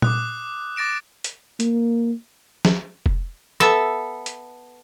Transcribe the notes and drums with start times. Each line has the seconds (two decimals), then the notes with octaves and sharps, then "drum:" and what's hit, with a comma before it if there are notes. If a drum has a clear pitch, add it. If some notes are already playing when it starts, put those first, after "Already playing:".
0.02 D6 D#6 F#6, drum: tom A#2
0.76 D6 A6 A#6 D7 E7
1.24 drum: hi-hat
1.60 A#3, drum: hi-hat
2.65 drum: snare
3.06 drum: kick F1
3.60 B3 A4 E5, drum: rim click
4.26 drum: hi-hat